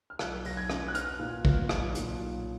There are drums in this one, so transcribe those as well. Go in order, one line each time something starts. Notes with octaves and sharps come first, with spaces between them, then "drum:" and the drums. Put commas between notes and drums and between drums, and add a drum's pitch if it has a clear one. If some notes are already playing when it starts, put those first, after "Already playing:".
F6
B1 F#6, drum: rim click
B1 A#6, drum: open hi-hat
G#6
C#4, drum: rim click
F#6
B3 F6, drum: hi-hat
A#2
B3, drum: kick
B1, drum: rim click
A#2, drum: hi-hat
B1